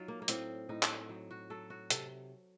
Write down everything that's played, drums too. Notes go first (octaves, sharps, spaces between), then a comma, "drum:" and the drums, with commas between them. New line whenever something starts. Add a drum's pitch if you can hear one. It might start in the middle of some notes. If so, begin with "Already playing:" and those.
Already playing: F#3 D#4 F4
A#3
A#3
A2 C4, drum: hi-hat
A2 D#4
drum: clap
F#3
F#4
F#3 A4
F#4
C3 A4, drum: hi-hat